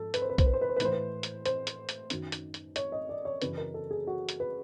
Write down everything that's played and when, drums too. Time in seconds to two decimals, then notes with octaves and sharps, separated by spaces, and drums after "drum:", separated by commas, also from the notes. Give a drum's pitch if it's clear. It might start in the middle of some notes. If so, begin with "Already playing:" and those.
Already playing: G#2 F3 A4
0.14 B4, drum: hi-hat
0.22 C5
0.30 B4
0.38 C5, drum: kick B1, hi-hat
0.46 B4
0.53 C5
0.61 B4
0.69 C5
0.76 B4
0.80 A2 E3 C5, drum: hi-hat
0.92 B4
1.23 drum: hi-hat
1.46 C5, drum: hi-hat
1.67 drum: hi-hat
1.89 drum: hi-hat
2.10 F#2 D#3 F#3, drum: hi-hat
2.32 drum: hi-hat
2.54 drum: hi-hat
2.76 C#5, drum: hi-hat
2.92 D#5
3.09 D5
3.25 C#5
3.42 F#2 C#3 E3 B4, drum: hi-hat
3.57 A#4
3.74 A4
3.91 G#4
4.07 F#4
4.29 drum: hi-hat
4.40 B4